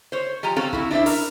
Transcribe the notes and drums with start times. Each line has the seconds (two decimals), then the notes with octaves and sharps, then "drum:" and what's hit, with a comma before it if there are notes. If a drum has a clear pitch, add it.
0.12 C5 C#5
0.43 F3 G4 G#5 A#5
0.56 C4 C#4 F#4 A4 F5
0.73 E4 F#4, drum: kick
0.91 D4 E4 C5 E5
1.06 A#4, drum: open hi-hat